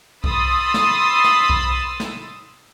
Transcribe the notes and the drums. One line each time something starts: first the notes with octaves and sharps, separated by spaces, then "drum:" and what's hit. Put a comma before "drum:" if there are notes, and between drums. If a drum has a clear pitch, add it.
B5 C6 D#6 E6 A6, drum: kick B1
drum: snare
drum: snare
drum: kick B1
drum: snare